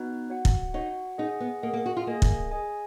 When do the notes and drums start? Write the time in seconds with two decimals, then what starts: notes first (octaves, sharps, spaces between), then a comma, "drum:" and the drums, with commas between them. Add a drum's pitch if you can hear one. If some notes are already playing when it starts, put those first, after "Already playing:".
Already playing: B3 D#4 F#4 B4
0.30 F#4 C#5 F#5
0.45 drum: kick
0.74 D#4 F#4 C#5 F#5
1.18 D#4 G#4 D#5 F#5
1.40 B3
1.62 A#3 G#4 D#5 F#5
1.73 A#3
1.86 F#4
1.97 F4
2.07 A#3 G#4 D#5 G#5
2.22 drum: kick
2.52 G#4 D#5 G#5